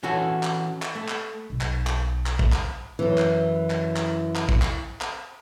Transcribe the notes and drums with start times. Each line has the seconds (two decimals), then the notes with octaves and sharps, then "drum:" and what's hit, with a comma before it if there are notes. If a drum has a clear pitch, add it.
0.03 E3 C#4 F#4 A4
0.43 drum: clap
0.82 drum: clap
0.95 A3
1.08 drum: clap
1.50 B1 B2
1.61 drum: clap
1.87 drum: clap
2.26 drum: clap
2.39 drum: kick
2.52 drum: clap
2.99 F#2 E3
3.18 drum: clap
3.70 drum: clap
3.96 drum: clap
4.36 drum: clap
4.49 drum: kick
4.62 drum: clap
5.01 drum: clap